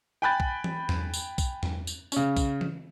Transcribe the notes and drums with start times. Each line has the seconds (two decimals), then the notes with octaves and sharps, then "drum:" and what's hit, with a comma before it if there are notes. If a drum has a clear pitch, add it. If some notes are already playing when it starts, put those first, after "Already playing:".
0.22 G5 G#5 B5 F#6 G6 A6
0.40 drum: kick B1
0.64 drum: tom E3
0.89 drum: tom E2
1.14 drum: tambourine
1.38 drum: kick B1, tambourine
1.63 drum: tom E2
1.87 drum: tambourine
2.12 C#3 C#4, drum: tambourine
2.37 drum: kick B1, tambourine
2.61 drum: tom E3